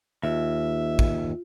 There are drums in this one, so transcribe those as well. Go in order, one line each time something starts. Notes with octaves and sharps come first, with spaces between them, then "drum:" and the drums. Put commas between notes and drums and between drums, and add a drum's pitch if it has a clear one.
D#2 F4 E5
drum: kick